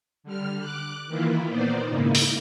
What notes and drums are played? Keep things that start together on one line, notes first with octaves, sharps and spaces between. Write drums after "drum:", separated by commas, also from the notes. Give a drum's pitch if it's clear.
D3 G3 F6
D6 F#6
D#3 E3 A#3 E4 F4
A#2 D#3 B3 D#4 C5 D5
G#2 C#3 A#3 D#4 E4
drum: open hi-hat